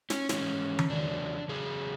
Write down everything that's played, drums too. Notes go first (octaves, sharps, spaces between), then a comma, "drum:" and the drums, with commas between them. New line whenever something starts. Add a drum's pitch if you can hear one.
C#4, drum: snare
G#2 E3 G#3 C#4, drum: snare
drum: tom D#3
E2 C#3 F#3 D4
E2 C#3 F#3 G#4